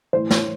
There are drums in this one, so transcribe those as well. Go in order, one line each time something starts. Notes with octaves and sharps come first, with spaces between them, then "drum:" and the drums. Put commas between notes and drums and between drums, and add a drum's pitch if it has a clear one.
A2 E3 C5
C#5, drum: snare